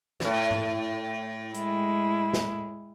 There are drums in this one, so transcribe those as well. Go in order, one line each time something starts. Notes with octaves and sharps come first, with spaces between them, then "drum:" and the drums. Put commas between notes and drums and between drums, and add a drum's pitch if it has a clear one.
F2 A2, drum: snare
drum: tom G#2
G#3 E4, drum: hi-hat
drum: snare